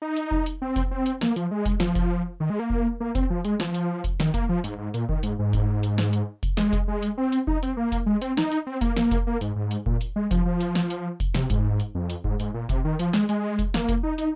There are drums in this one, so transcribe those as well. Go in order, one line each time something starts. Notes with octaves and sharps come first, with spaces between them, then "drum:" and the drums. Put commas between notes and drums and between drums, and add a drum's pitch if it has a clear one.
D#4
drum: hi-hat
drum: kick F1
drum: hi-hat
C4
drum: kick F1, hi-hat
C4
drum: hi-hat
A#3, drum: snare
F3, drum: hi-hat
G#3
drum: kick F1, hi-hat
F3, drum: snare
drum: kick F1, hi-hat
D#3
G#3
A#3
drum: kick F1
A#3
C4, drum: kick F1, hi-hat
F3
G#3, drum: hi-hat
F3, drum: snare
drum: hi-hat
drum: kick F1, hi-hat
D#3, drum: snare
A#3, drum: kick F1, hi-hat
F3
G#2, drum: hi-hat
G#2
A#2, drum: hi-hat
D#3, drum: kick F1
G#2, drum: hi-hat
G#2
drum: kick F1, hi-hat
drum: hi-hat
drum: snare
drum: hi-hat
drum: kick F1, hi-hat
G#3, drum: snare
drum: kick F1, hi-hat
G#3
drum: hi-hat
C4
drum: hi-hat
D#4, drum: kick F1
C4, drum: hi-hat
A#3
drum: kick F1, hi-hat
G#3
C4, drum: hi-hat
D#4, drum: snare
drum: hi-hat
C4
A#3, drum: kick F1, hi-hat
A#3, drum: snare
drum: kick F1, hi-hat
A#3
G#2, drum: hi-hat
G#2
drum: hi-hat
A#2, drum: kick F1
drum: hi-hat
G#3
F3, drum: kick F1, hi-hat
F3
drum: hi-hat
drum: snare
drum: hi-hat
drum: kick F1, hi-hat
C3, drum: snare
G#2, drum: kick F1, hi-hat
drum: hi-hat
F2
drum: hi-hat
G#2, drum: kick F1
G#2, drum: hi-hat
A#2
C3, drum: kick F1, hi-hat
D#3
F3, drum: hi-hat
G#3, drum: snare
G#3, drum: hi-hat
drum: kick F1, hi-hat
A#3, drum: snare
drum: kick F1, hi-hat
D#4
D#4, drum: hi-hat